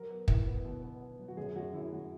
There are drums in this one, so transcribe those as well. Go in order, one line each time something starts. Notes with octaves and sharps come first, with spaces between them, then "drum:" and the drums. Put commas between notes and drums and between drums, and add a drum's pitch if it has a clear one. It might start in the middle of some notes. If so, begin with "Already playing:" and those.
Already playing: F#3 A#4
B3
E4, drum: kick
B3
B2
B3
B3
F#3
F#4
F#2 G#4
F#2 F#4
F#2 E4
F#2 F#4